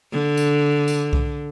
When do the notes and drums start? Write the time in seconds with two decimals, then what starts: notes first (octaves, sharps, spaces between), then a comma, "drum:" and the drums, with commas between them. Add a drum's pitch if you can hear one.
0.12 D3
0.37 drum: tambourine
0.88 drum: tambourine
1.13 drum: kick C2